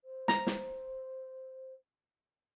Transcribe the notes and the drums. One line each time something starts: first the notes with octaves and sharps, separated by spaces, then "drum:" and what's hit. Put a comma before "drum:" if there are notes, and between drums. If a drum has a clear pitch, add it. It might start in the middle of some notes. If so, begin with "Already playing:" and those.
C5
A#5, drum: snare
drum: snare